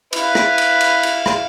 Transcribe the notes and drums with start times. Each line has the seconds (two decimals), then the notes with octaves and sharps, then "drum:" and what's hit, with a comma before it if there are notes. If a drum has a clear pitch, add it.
0.13 E4 B4 F5, drum: cymbal
0.35 drum: rim click
0.58 drum: cymbal
0.81 drum: cymbal
1.03 drum: cymbal
1.26 drum: rim click